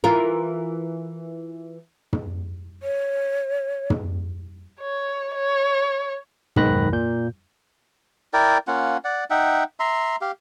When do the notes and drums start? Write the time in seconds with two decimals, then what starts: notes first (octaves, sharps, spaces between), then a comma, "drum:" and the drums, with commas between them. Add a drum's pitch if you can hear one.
0.04 E3 F4 A#4
2.13 drum: tom
2.81 C#5
3.90 drum: tom
4.81 C#5
5.35 C#5
6.56 B1 G#2 D#3 B5 F#6 A#6, drum: tom
6.93 A#2 G6
8.34 E4 A#4 D5 G5
8.68 A#3 C#4 F4 F#5
9.04 D5 F#5
9.30 D#4 E5 F#5 G5
9.80 E5 A#5 C6
10.21 G4 F5